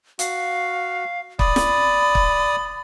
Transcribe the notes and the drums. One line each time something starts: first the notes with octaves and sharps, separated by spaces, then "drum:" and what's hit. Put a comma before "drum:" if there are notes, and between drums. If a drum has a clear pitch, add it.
F#4 F5, drum: hi-hat
D5 B5 D#6, drum: kick
drum: snare
drum: kick